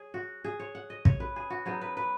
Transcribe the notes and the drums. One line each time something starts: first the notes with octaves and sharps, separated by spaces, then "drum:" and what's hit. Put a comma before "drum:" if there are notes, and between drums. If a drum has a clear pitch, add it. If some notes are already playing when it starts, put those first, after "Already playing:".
Already playing: G#4 C#5
F#4
G#4
C#5
F#5
D#5
C#5, drum: kick
B4
G#4
F#4
F#3 B3 D#4 G#4
B4
B4